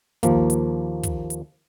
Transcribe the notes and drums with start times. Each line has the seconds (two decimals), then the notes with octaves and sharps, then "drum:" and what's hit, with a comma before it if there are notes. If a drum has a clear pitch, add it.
0.23 D#2 F3 A#3, drum: kick, hi-hat
0.50 drum: hi-hat
1.03 drum: kick, hi-hat
1.30 drum: hi-hat